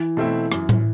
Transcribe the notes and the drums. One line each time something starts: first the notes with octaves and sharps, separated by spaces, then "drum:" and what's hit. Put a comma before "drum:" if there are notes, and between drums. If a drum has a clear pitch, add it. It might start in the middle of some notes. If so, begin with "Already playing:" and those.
Already playing: E3
B2 A3 C4 E4
F#2, drum: rim click
drum: tom A2